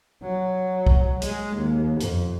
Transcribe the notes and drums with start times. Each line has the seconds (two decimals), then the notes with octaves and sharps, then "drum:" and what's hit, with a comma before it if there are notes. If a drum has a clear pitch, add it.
0.23 F#3
0.86 drum: kick B1
1.22 G#3, drum: hi-hat
1.57 D#2
2.00 F2, drum: hi-hat